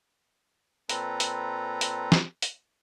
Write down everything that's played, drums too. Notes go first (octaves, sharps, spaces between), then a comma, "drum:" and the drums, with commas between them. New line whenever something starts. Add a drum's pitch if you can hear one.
A#2 C4 A4 B4 A#5, drum: hi-hat
drum: hi-hat
drum: hi-hat
drum: snare
drum: hi-hat